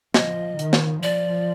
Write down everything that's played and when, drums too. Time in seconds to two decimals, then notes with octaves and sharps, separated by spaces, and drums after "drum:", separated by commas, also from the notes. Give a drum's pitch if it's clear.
0.14 F3 D#5, drum: snare
0.59 D#3, drum: hi-hat
0.73 drum: snare
1.03 F3 D5